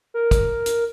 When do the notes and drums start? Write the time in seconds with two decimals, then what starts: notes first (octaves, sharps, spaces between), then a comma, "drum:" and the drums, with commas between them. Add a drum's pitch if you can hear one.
0.14 A#4
0.31 drum: kick, hi-hat
0.66 drum: hi-hat